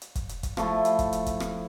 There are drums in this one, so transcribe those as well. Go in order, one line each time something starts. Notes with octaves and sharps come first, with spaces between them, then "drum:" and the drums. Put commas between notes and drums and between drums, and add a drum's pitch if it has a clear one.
drum: hi-hat
drum: kick, hi-hat
drum: hi-hat
drum: kick, hi-hat
F3 A3 E4, drum: rim click
drum: hi-hat
drum: kick, hi-hat
drum: hi-hat
drum: kick, hi-hat
drum: rim click